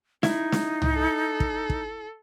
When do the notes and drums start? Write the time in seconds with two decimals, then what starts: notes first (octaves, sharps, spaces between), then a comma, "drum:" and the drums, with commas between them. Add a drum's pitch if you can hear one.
0.23 D#4 E4, drum: snare
0.52 drum: snare
0.82 drum: tom
0.93 A4
1.40 drum: kick
1.70 drum: kick